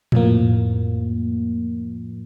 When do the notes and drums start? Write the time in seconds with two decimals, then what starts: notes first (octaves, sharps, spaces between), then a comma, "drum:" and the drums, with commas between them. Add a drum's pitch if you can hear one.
0.12 F2 A2 F3 A#3, drum: tom A2